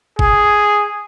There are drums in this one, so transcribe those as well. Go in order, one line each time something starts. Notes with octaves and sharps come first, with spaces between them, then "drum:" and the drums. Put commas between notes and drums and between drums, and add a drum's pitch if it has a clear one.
G#4, drum: kick G1